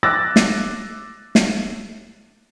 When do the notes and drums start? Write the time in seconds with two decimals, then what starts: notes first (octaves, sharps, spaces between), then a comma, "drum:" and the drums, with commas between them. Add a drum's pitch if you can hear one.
0.03 D6 E6 F#6 A6 A#6
0.36 drum: snare
1.35 drum: snare